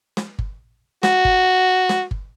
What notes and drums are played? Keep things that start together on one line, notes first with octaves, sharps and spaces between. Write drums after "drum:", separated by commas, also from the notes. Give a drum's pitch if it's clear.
drum: snare
drum: kick G1
F#4, drum: snare
drum: kick G1
drum: snare
drum: kick G1